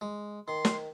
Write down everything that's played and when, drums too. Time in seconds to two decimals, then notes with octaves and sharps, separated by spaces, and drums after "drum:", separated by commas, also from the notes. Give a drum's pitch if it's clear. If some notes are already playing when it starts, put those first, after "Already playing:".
0.01 G#3
0.48 D#3 C6
0.65 drum: snare